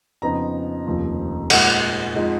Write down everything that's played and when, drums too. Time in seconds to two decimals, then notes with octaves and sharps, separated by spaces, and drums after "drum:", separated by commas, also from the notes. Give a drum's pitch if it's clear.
0.22 F2 C#3 F3 B3 D#4 A#5
0.86 F1 D#2 C#3 F3
1.50 A#2 G#3 D#4 F#5, drum: cymbal
2.14 F2 F3 G#3 D#4